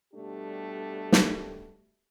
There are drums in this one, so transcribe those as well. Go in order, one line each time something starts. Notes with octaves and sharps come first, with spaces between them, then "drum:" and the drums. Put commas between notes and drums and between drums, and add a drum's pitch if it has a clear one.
B2 G3 A3 D4 G4
drum: snare